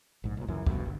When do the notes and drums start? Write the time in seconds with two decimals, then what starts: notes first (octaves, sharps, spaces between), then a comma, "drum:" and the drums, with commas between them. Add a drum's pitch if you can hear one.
0.24 A#1 G#2
0.37 C2 A#2
0.48 C#2 F#2 E3
0.67 F1 G2 B2, drum: kick
0.86 G1